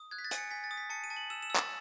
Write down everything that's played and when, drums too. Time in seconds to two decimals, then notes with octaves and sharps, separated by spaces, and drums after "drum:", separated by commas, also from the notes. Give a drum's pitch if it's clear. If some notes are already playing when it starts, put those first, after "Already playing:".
Already playing: D#6
0.11 F#6 G#6
0.18 B6
0.25 A6
0.31 G#5, drum: hi-hat
0.38 C#7
0.51 G#5 B6
0.64 A6
0.71 D#6
0.77 B6
0.90 A5 C#7
1.04 D#7
1.10 A5
1.17 F#7
1.30 E6 E7
1.42 E7
1.50 E6
1.56 A6, drum: clap